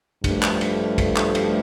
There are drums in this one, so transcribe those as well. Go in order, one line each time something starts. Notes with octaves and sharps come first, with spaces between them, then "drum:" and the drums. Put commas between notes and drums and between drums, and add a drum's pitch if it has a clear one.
G2 F3 A3, drum: kick, cymbal
drum: clap
drum: cymbal
drum: kick, cymbal
drum: clap
drum: cymbal